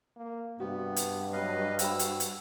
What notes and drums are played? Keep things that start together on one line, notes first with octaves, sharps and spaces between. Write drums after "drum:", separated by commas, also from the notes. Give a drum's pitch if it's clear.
A#3
G2 C3 B3 F#4 G4
drum: hi-hat
F#3 B4 D#5 F5
F#4 C5 G5 B5 E6, drum: hi-hat
drum: hi-hat
drum: hi-hat